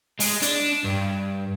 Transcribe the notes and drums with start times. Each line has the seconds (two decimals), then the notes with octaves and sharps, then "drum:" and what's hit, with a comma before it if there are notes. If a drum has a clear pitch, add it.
0.20 G#3, drum: open hi-hat
0.42 D4, drum: hi-hat
0.84 G2